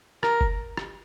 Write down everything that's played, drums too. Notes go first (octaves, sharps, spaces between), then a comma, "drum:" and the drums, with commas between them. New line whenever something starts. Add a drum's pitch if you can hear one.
A#4, drum: rim click
drum: kick F#1
drum: rim click